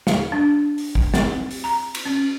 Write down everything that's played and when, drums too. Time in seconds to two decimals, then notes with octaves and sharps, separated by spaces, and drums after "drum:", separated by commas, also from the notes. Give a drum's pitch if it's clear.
0.07 F5, drum: snare
0.32 D4
0.78 drum: open hi-hat
0.95 drum: kick
1.14 C4, drum: snare
1.51 drum: open hi-hat
1.64 A#5
1.95 drum: cymbal
2.05 C#4